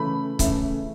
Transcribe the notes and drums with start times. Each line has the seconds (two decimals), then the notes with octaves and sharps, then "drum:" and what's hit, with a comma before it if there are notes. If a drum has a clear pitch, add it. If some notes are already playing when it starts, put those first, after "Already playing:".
Already playing: C#3 E3 A3 B5
0.39 C#3 E3 A3, drum: kick C#1, hi-hat